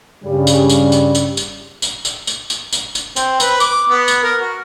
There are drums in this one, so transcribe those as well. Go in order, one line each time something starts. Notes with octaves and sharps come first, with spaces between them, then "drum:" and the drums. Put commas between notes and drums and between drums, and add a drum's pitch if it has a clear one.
G2 C#3 G3
drum: tambourine
drum: tambourine
drum: tambourine
drum: tambourine
drum: tambourine
drum: tambourine
drum: tambourine
drum: tambourine
drum: tambourine
drum: tambourine
drum: tambourine
C4, drum: tambourine
B4, drum: tambourine
D6, drum: tambourine
B3
drum: tambourine
A#4
F#4